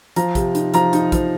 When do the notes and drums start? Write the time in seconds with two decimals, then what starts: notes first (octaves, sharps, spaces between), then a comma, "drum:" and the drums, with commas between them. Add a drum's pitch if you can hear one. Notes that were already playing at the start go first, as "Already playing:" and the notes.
0.16 F3 A#5, drum: hi-hat
0.35 C3, drum: kick, hi-hat
0.55 D#4, drum: hi-hat
0.74 F3 A#5, drum: hi-hat
0.93 D#4, drum: hi-hat
1.12 F3, drum: kick, hi-hat